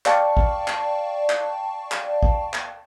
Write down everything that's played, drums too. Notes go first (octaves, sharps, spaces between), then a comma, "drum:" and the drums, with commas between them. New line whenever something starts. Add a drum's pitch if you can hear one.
D5 F5 G5 A5 C#6, drum: clap
drum: kick
drum: clap
drum: clap
drum: clap
drum: kick
drum: clap